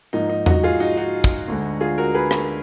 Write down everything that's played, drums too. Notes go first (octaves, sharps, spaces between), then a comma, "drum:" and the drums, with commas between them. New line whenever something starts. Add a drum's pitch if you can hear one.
G#2 F3 A#3 D#4
D#4
D#4 F#4, drum: tom E2
F4 G#4
D#4 F#4
D#4 F#4
drum: kick
D2 D3 G#3
F4 G#4
F#4 A#4
G#4 B4
drum: rim click